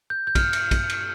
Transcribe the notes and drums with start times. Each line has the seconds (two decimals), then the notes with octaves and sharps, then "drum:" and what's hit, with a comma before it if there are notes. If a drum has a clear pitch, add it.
0.10 G6
0.27 G6
0.35 F6, drum: kick, cymbal
0.53 drum: cymbal
0.71 drum: kick, cymbal
0.90 drum: cymbal